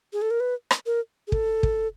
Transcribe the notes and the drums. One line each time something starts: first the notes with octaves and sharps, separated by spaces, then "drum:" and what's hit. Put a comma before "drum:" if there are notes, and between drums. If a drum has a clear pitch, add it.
G#4
A4
A#4
B4
drum: rim click
A#4
G#4
A4, drum: kick
drum: kick